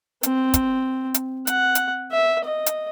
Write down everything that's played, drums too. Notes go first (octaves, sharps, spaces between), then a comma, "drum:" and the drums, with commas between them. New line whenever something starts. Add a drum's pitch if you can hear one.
C4, drum: hi-hat
drum: kick, hi-hat
drum: hi-hat
F#5, drum: hi-hat
drum: hi-hat
E5
D#5
drum: hi-hat